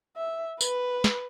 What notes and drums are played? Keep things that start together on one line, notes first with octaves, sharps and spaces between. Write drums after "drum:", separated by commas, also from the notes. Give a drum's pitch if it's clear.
E5
B4, drum: tambourine
drum: snare